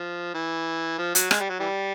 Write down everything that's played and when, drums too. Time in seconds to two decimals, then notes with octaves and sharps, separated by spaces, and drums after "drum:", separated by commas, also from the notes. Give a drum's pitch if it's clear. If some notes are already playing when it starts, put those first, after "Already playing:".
Already playing: F3
0.34 E3
0.98 F3
1.15 F#3, drum: hi-hat
1.31 G#3, drum: rim click
1.41 G3
1.49 F#3
1.59 E3 G3